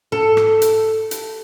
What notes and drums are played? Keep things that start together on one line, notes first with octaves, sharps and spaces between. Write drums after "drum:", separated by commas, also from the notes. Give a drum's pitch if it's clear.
A4, drum: tom
drum: rim click
drum: hi-hat
drum: hi-hat